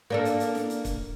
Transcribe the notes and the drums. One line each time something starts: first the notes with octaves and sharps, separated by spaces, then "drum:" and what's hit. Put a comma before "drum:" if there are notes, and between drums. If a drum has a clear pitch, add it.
A#3 D4 A4
drum: hi-hat
drum: hi-hat
drum: snare
drum: hi-hat
drum: kick, hi-hat